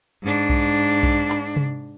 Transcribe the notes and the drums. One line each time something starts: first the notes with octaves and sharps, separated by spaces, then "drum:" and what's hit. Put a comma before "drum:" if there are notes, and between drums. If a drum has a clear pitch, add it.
G#2 D4
drum: kick B1
drum: kick B1, hi-hat
drum: clap
drum: tom C3